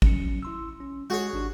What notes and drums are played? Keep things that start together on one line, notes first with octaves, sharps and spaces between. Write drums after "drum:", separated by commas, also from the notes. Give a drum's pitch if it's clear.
F#3 C#4 C#7, drum: kick
E4 C6 E6
C#4
G#3 F#4 G#4 C#5
G#1 D4 G4